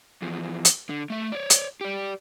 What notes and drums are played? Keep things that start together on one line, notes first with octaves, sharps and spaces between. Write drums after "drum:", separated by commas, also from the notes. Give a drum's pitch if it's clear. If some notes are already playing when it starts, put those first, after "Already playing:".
E2 F3
drum: hi-hat
D3
A3 E5
C#5 D5
drum: hi-hat
G4 D5